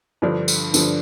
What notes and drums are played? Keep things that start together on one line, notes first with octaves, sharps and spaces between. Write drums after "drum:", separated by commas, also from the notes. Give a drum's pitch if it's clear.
G2 D3 F3 D4
drum: tambourine
G2 D3 F3, drum: tambourine